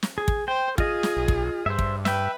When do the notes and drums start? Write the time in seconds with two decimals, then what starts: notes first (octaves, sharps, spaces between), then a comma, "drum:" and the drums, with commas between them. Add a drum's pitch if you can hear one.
0.03 drum: snare
0.18 G#4
0.28 drum: kick
0.48 C5 G5
0.78 F4 G#4 D#5, drum: kick
1.03 drum: snare
1.17 B1
1.28 drum: kick
1.66 G2 C5 E5
1.79 drum: kick
2.05 B4 E5 G5, drum: snare